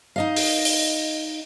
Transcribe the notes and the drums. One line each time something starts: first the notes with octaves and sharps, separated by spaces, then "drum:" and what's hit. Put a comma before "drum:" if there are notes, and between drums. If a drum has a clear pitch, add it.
D#4 D#5 F5
drum: open hi-hat
drum: open hi-hat